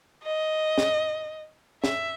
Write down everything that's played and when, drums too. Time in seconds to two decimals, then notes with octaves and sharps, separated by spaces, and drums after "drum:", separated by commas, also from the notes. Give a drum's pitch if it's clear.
0.23 D#5
0.78 drum: snare
1.84 E5, drum: snare